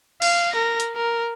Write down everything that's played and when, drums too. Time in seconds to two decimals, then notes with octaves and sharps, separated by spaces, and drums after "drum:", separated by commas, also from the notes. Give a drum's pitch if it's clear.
0.22 F5, drum: cymbal
0.53 A#4 A#6
0.80 drum: hi-hat
0.96 A#4